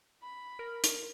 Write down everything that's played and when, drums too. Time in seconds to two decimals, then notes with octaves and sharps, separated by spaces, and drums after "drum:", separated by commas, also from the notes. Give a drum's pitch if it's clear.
0.22 B5
0.59 A#4
0.84 drum: hi-hat